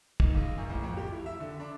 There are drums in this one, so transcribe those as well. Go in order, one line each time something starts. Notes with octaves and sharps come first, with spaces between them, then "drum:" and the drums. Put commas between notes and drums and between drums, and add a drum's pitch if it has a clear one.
D#4, drum: kick
C#2
F#2
A1
F2
G4
E4
E5
D3
D4